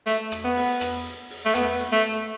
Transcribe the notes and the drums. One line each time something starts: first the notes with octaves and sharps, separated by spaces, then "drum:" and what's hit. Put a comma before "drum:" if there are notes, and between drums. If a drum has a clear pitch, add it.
A3, drum: hi-hat
drum: rim click
B3
drum: open hi-hat
drum: rim click
drum: hi-hat
drum: open hi-hat
A3
B3, drum: rim click
drum: hi-hat
A3
drum: hi-hat